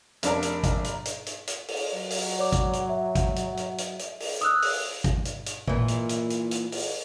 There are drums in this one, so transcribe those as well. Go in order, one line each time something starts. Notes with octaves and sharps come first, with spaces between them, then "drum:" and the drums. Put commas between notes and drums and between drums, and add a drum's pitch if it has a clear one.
F1 D4 A#4, drum: hi-hat
drum: hi-hat
drum: kick, hi-hat
drum: hi-hat
drum: hi-hat
drum: hi-hat
drum: hi-hat
drum: open hi-hat
F#3
drum: open hi-hat
C#5 D5 D6
drum: kick, hi-hat
drum: hi-hat
E5
drum: kick, hi-hat
drum: hi-hat
drum: hi-hat
drum: hi-hat
drum: hi-hat
drum: open hi-hat
D#6 E6 F#6, drum: hi-hat
drum: open hi-hat
drum: kick, hi-hat
drum: hi-hat
drum: hi-hat
A#2 E3, drum: kick
drum: hi-hat
drum: hi-hat
drum: hi-hat
drum: hi-hat
drum: open hi-hat